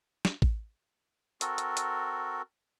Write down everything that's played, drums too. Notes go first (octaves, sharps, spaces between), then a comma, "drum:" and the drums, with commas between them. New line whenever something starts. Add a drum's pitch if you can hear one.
drum: snare
drum: kick A1
C4 F#4 A4 A#4, drum: hi-hat
drum: hi-hat
drum: hi-hat